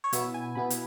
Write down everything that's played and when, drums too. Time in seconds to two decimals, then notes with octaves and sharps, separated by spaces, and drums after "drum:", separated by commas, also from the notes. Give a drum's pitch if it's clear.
0.04 C#5
0.13 B2 B3 E4 E5, drum: hi-hat
0.34 G#5
0.55 B2 B3 E4 B5
0.70 drum: hi-hat